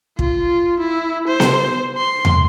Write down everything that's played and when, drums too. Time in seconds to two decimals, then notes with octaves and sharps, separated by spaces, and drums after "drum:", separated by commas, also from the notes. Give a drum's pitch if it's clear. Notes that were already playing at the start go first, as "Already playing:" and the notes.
0.19 F4, drum: kick
0.80 E4
1.28 C5
1.40 drum: snare B3
1.98 C6
2.25 drum: tom E2